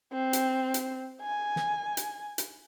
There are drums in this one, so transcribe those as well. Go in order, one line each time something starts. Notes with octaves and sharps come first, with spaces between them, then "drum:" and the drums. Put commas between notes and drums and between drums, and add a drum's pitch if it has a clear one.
C4
drum: hi-hat
drum: hi-hat
G#5
drum: snare
drum: hi-hat
drum: hi-hat